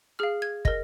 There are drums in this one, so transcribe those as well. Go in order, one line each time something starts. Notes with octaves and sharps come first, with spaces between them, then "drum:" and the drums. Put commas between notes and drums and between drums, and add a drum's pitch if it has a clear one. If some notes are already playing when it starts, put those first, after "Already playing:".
G#4 F5 F6
G#6
A#4 D#5 A#6, drum: kick